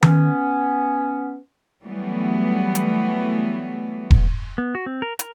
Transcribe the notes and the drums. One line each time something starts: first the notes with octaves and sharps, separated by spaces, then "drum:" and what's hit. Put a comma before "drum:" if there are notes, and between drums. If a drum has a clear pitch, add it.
B3 C#4, drum: tom D#3
E3 F#3 G3 A3 B3
drum: hi-hat
drum: kick E1
B3
F#4
C4
A#4
A#4, drum: hi-hat